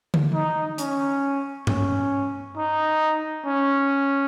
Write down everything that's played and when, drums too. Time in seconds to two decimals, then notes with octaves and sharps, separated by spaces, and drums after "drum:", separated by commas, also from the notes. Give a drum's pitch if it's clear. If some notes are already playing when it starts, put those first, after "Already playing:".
0.14 drum: tom D3
0.33 D#4
0.78 C#4, drum: hi-hat
1.67 C#4, drum: tom G2
2.56 D#4
3.45 C#4